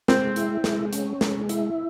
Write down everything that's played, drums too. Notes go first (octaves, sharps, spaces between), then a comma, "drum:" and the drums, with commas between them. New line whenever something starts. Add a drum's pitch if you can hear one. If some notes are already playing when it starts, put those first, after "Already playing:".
G#3 C4, drum: snare
E4, drum: hi-hat
G#3, drum: snare
C#4, drum: hi-hat
G#3, drum: snare
E4, drum: hi-hat